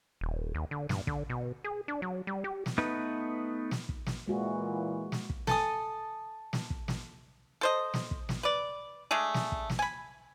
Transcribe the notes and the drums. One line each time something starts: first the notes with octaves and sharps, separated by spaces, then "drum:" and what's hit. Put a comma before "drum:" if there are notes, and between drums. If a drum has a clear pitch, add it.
D#1
D#2
D3
G2, drum: snare
D3, drum: kick
B2
G#4
D4
F#3
G3
G4
drum: snare
A3 B3 D#4 B4
drum: snare
drum: kick
drum: snare
A#2 E3 G#3 F#4
drum: snare
drum: kick
A4 G#5 D#6, drum: snare
drum: snare
drum: kick
drum: snare
A4 C5 D#5
drum: snare
drum: kick
drum: snare
B4 D5
G#3 A3 D4 G#4
drum: snare
drum: kick
drum: snare
G#5 B5